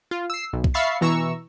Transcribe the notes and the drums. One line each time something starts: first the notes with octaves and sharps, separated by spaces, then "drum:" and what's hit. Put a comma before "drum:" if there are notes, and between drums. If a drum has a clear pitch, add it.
F4
E6 C7
B1
drum: kick
E5 F5 B5 C#6 A6 C7
B2 E3 A#5 C#6 E6